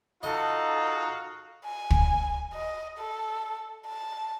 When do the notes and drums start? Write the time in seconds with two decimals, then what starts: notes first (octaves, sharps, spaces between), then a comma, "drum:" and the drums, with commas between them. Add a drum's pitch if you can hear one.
0.23 D#4 F4 F#4 A4 D#5
1.66 G#5
1.90 drum: kick
2.54 D#5
2.99 A4
3.87 A5